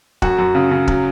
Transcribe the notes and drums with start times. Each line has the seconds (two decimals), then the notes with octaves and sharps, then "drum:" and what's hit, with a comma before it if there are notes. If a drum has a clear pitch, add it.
0.22 F#2 F#4, drum: kick
0.38 F#2
0.55 C#3
0.71 C#3
0.88 F#3, drum: kick